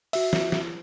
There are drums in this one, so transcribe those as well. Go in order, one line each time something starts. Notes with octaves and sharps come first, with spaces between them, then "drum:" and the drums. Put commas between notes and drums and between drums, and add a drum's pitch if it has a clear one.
F#4 E5, drum: open hi-hat
drum: snare
drum: snare